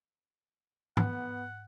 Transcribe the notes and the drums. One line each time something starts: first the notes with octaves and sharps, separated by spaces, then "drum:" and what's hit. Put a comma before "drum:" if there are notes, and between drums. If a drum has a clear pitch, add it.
B3 F#5, drum: tom G#2